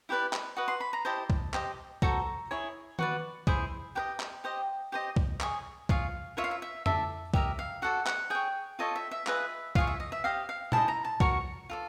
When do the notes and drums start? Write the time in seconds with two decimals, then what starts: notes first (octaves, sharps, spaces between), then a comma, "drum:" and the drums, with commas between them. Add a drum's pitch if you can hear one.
0.09 E4 G4 B4 D5
0.33 drum: clap
0.56 F#4 B4 D#5
0.68 C6
0.80 B5
0.93 A#5
1.05 E4 G4 C5 D#5 A5
1.30 drum: kick C2
1.54 G4 C5 D#5, drum: clap
2.02 F#4 A4 C5 A#5, drum: kick C2
2.51 E4 G#4 C#5
2.99 F#4 B4 D5, drum: tom D#3
3.47 E4 G#4 C5, drum: kick C2
3.95 G4 B4 D#5 G5
4.20 drum: clap
4.44 G4 C5 D#5
4.92 G4 C5 D#5
5.16 drum: kick C2
5.40 G#4 C#5, drum: clap
5.89 F4 G#4 C#5 F5, drum: kick C2
6.37 F4 A#4 C#5 E5
6.44 F5
6.51 E5
6.62 E5
6.86 E4 A4 D5 E5, drum: tom F2
7.34 G4 A#4 D#5 E5, drum: kick C2
7.59 F5
7.82 F#4 A4 D5 F#5
8.06 F#5, drum: clap
8.30 G#4 C#5 G5
8.79 F4 A4 C#5 D#5
8.96 E5
9.11 E5
9.27 F4 G#4 B4 D#5 E5, drum: clap
9.75 F4 G#4 C#5 F5, drum: kick C2
9.87 E5
10.00 D#5
10.12 E5
10.24 G4 C5 D#5 F5
10.49 F5
10.72 E4 G#4 C5 D#5 A5, drum: tom A#2
10.88 A#5
11.05 A5
11.20 F#4 A#4 C#5 C#6, drum: kick C2
11.70 F4 A4 D5